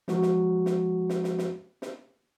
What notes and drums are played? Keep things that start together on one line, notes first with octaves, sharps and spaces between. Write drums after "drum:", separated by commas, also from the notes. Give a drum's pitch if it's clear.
F3 G#3 F#4, drum: snare
drum: snare
drum: snare
drum: snare
drum: snare
drum: snare
drum: snare